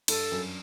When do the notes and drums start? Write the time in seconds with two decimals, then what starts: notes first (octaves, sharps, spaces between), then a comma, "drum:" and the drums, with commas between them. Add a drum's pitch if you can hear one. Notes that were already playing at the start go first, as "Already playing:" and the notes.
0.08 G2 A4, drum: cymbal
0.32 F#2